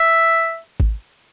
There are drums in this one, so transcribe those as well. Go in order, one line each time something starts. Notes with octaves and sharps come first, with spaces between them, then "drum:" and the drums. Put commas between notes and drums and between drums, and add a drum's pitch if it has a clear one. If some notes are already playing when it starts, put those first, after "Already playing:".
Already playing: E5
drum: kick G#1